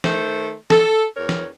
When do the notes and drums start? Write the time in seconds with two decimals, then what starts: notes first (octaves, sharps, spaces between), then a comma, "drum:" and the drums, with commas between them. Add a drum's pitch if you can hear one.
0.04 D#3 A3 A4 C5, drum: snare
0.70 A4, drum: snare
1.16 E2 A#4 C#5
1.29 drum: snare